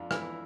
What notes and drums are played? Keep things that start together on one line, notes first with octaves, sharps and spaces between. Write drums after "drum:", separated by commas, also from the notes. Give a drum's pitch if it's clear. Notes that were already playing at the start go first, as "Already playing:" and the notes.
Already playing: F2 D4 F4
E3 E4, drum: rim click